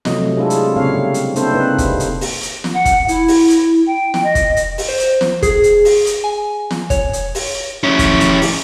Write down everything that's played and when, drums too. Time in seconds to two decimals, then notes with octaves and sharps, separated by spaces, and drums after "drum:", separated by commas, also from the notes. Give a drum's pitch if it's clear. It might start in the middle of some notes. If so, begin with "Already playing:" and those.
0.05 C3 F#3 A3 D#5, drum: snare
0.37 G#3 D4 E4 F4 G#4 A4
0.50 drum: hi-hat
0.76 A#2 C#3 C4 C#5 F5
0.96 G3
1.14 drum: hi-hat
1.36 A#3 C4 D4 E4 A4 C5, drum: hi-hat
1.54 C3 A#3 D#4 B4
1.78 drum: kick, hi-hat
2.00 drum: hi-hat
2.21 drum: open hi-hat
2.43 drum: hi-hat
2.64 drum: snare
2.74 F#5
2.85 drum: kick, hi-hat
3.08 E4, drum: hi-hat
3.28 drum: open hi-hat
3.50 drum: hi-hat
3.87 G5
4.14 drum: snare
4.23 D#5
4.35 drum: kick, hi-hat
4.57 drum: hi-hat
4.78 drum: open hi-hat
4.88 C5
4.99 drum: hi-hat
5.21 drum: snare
5.42 G#4, drum: kick, hi-hat
5.64 drum: hi-hat
5.85 drum: open hi-hat
6.06 drum: hi-hat
6.24 G#5
6.71 drum: snare
6.90 C#5, drum: kick, hi-hat
7.13 drum: hi-hat
7.35 drum: open hi-hat
7.83 C#4 E4
7.99 drum: kick, hi-hat
8.20 drum: hi-hat
8.42 drum: open hi-hat